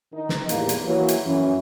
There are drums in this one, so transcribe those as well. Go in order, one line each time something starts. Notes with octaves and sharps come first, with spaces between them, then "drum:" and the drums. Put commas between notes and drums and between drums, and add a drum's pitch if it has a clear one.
D#3 D#4
drum: snare
E2 A2 G3 A#3, drum: hi-hat
drum: hi-hat
E3 F#3 A#3
drum: hi-hat
F#2 E3 C#4